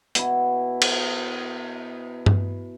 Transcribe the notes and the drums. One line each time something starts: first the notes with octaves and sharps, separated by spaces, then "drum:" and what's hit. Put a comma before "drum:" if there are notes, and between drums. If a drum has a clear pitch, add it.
B2 E4, drum: hi-hat
drum: cymbal
drum: tom G2